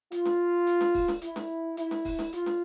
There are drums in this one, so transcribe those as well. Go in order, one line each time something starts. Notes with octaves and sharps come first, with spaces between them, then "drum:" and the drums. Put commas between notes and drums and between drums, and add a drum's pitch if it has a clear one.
F4, drum: hi-hat
drum: snare
drum: hi-hat
drum: snare
drum: kick, open hi-hat
drum: snare
E4, drum: hi-hat
drum: snare
E4, drum: hi-hat
drum: snare
drum: kick, open hi-hat
drum: snare
F4, drum: hi-hat
drum: snare